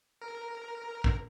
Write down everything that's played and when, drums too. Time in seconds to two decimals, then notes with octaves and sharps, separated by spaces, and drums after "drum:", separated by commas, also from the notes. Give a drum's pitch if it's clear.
0.22 A#4
1.04 drum: kick